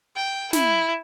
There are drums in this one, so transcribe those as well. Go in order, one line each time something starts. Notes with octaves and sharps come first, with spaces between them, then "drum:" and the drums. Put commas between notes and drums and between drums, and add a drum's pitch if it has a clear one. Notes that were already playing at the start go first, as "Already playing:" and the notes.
G5
E4, drum: snare